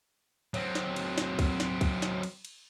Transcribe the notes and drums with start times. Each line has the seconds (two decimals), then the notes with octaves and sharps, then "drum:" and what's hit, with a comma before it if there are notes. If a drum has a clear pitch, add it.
0.54 F#3 C4, drum: cymbal
0.75 drum: snare
0.96 drum: cymbal
1.18 drum: snare
1.39 drum: kick, cymbal
1.60 drum: snare
1.81 drum: kick, cymbal
2.02 drum: snare
2.23 drum: cymbal
2.45 drum: cymbal